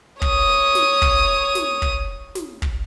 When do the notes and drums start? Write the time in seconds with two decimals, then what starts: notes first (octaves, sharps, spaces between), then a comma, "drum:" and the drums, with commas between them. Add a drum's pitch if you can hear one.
0.22 C#5 D#6, drum: kick
0.75 drum: snare
1.02 drum: kick
1.55 drum: snare
1.82 drum: kick
2.35 drum: snare
2.62 drum: kick